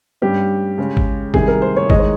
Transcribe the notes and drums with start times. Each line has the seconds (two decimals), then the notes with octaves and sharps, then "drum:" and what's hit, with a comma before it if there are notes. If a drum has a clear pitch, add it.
0.22 G2 G3 C#4 G4
0.78 C#3 G#3 C#4
0.97 drum: kick
1.34 C3 D#3 G3 G#4, drum: kick
1.48 A#4
1.62 C5
1.76 C#5
1.90 D#3 G#3 D#4 D#5, drum: kick
1.99 C#5